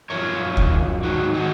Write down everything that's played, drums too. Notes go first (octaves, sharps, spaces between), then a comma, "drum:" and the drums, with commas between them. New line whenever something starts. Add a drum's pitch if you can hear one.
F#2 F3 A#4 C#5
drum: kick D2
G#2 D#3 F#3 F#4 A#4
D#4 F#4